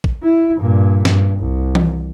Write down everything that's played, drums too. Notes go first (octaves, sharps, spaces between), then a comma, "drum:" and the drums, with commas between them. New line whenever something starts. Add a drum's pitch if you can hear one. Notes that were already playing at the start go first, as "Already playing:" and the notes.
drum: kick
E4
G2 A#2
G2, drum: snare
C2
drum: tom E3